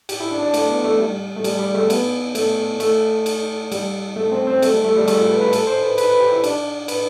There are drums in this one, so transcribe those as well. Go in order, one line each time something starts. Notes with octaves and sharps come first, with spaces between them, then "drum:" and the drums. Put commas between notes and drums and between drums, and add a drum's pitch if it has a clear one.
G4, drum: cymbal
E4
D4
D4
A3, drum: cymbal
B3
A3
G3
A3
G3, drum: cymbal
G3
A3
B3, drum: cymbal
A3, drum: cymbal
A3, drum: cymbal
drum: cymbal
G3, drum: cymbal
A3
C4
C4
A3, drum: cymbal
G3
A3
G3
A3, drum: cymbal
F4
B4
B4
A4, drum: cymbal
C5
B4
B4, drum: cymbal
B4
G4
E4
D4, drum: cymbal
B4, drum: cymbal